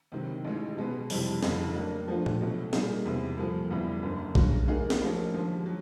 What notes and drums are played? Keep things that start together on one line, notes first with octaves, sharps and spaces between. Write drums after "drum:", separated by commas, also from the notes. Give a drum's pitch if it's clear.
C#2 C3 D#3 F#3
A1 G#2 E3 G#3 C#4
B2 G#3 B3
F1 F2 C3 E3 G3, drum: open hi-hat
F1 F2 C#3 E3 A3, drum: snare
A2 F#3 A#3 D4
A2 F3 A3 D4 F4
drum: tom A#2
C#2 B2 F#3 A3
A#2 G3 A#3 D#4 G#4, drum: snare
E1 E2 C3
C2 A#2 F3 A3
E1 E2 C#3 E3 G3
F#1 F#2 D3
D2 C#3 F#3, drum: kick A#1
A2 F#3 A#3 D#4 G#4
drum: snare
A1 A2 F3 A#3 C#4
D#2 D3 F3 G#3
F#3